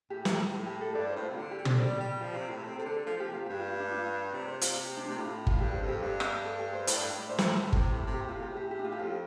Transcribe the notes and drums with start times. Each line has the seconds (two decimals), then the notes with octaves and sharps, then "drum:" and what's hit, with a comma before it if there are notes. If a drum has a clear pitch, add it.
0.10 A2 G4
0.25 drum: snare
0.53 A2
0.66 G4
0.81 A4
0.95 G2 D5
1.09 C5
1.16 A2
1.23 F4
1.30 C3
1.37 D3 F4
1.51 G4
1.58 D3
1.65 C5, drum: tom
1.80 G3 D5
1.98 G3 D5
2.22 F3
2.37 C3
2.50 A2
2.64 C3 C5
2.78 C3 A4
2.85 D3
2.93 A4
3.06 F3 F4
3.17 F3 G4
3.27 C3
3.33 F4
3.46 G2 G4
3.60 F4
3.80 D4
3.91 F4
4.33 C3 D5
4.48 C5
4.61 F4, drum: hi-hat
4.76 G4
4.97 D4
5.08 C3 D4
5.18 A2 F4
5.47 F4, drum: kick G1
5.60 G2 G4
5.75 C5
5.82 F2
5.88 G4
6.03 G2
6.20 drum: rim click
6.45 A4
6.59 G4
6.73 C5
6.87 A2 D5, drum: hi-hat
6.99 G2
7.11 A2
7.20 D5
7.29 C5
7.38 drum: snare
7.73 C3, drum: kick G1
7.93 A2
8.07 C3
8.14 G4
8.21 A2
8.29 F4
8.35 C3
8.42 G4
8.49 A2
8.56 G4
8.71 G4
8.79 D4
8.85 F4
8.92 G4
8.99 F2 F4